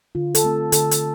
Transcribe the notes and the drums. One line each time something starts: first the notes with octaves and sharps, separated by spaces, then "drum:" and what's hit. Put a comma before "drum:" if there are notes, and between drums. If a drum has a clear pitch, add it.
D3 F4
A4, drum: hi-hat
A3 C4
D3 A4, drum: hi-hat
drum: hi-hat